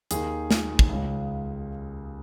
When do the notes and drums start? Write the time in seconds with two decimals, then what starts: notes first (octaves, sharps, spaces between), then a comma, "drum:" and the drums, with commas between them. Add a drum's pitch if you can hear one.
0.11 D#2 D#3 G#4, drum: hi-hat
0.51 drum: snare
0.79 drum: kick
0.89 C#2 C#3